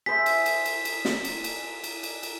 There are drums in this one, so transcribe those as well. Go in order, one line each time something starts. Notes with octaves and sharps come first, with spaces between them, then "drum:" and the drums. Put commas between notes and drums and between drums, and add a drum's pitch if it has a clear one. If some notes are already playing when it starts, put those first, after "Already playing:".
G#4 C5 E5 B6
drum: cymbal
drum: cymbal
drum: cymbal
drum: cymbal
drum: snare
drum: cymbal
drum: cymbal
drum: cymbal
drum: cymbal
drum: cymbal